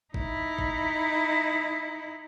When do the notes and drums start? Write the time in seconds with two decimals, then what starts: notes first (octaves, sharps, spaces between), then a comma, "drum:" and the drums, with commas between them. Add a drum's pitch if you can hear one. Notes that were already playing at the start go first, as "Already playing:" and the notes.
0.14 D#4 E4, drum: kick G1
0.59 drum: kick G1